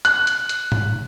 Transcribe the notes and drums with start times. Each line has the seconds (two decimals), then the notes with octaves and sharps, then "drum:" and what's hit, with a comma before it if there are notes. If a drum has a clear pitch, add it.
0.05 F#6, drum: hi-hat
0.27 drum: hi-hat
0.49 drum: hi-hat
0.72 drum: tom G#2